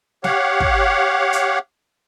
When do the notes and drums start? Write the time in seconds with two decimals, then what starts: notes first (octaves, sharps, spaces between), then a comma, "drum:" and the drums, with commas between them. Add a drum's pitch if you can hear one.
0.24 G4 C#5 F5 F#5, drum: snare
0.60 drum: kick
1.33 drum: hi-hat